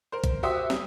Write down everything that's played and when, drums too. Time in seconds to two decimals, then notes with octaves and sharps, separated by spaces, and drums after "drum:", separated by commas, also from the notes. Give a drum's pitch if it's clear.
0.12 A#4 C5
0.24 drum: kick, hi-hat
0.43 F#4 G4 C5 E5 D#6
0.70 G3, drum: snare